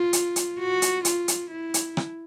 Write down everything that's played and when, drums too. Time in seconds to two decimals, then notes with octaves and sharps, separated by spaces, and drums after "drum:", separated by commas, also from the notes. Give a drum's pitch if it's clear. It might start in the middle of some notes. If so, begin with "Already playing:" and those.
Already playing: F4
0.13 drum: hi-hat
0.36 drum: hi-hat
0.59 F#4
0.82 drum: hi-hat
1.05 F4, drum: hi-hat
1.28 drum: hi-hat
1.51 E4
1.74 drum: hi-hat
1.97 drum: rim click